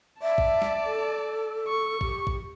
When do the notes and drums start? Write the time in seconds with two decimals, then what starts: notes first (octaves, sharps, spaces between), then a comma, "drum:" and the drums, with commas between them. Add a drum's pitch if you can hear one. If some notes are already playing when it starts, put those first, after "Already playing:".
0.22 D5 E5 A5
0.38 drum: kick A#1
0.62 drum: snare
0.85 A4
1.68 C#6
2.01 G4, drum: kick A#1
2.27 drum: kick A#1